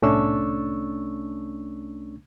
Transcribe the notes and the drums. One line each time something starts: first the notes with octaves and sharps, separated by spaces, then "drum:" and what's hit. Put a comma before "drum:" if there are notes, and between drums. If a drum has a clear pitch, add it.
C2 A3 C#4 D4 C#6 E6, drum: tom A2